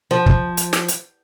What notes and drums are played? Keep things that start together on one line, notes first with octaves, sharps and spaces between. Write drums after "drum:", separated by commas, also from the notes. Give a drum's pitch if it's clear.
F3
drum: kick
drum: hi-hat
drum: snare
drum: hi-hat